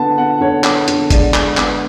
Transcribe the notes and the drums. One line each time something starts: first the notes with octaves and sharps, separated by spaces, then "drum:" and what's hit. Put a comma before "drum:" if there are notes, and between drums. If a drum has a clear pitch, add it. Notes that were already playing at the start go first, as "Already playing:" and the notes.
Already playing: D3 B3 A5
B3 F#5
D3 C#5
B3, drum: clap
D3, drum: hi-hat
G#3 D5, drum: kick G1, hi-hat
G#3, drum: clap
B3, drum: clap